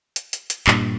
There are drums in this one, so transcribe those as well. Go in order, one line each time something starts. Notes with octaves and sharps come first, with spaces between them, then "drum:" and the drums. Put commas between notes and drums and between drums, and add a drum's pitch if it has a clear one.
drum: hi-hat
drum: hi-hat
drum: hi-hat
G2 A#2, drum: clap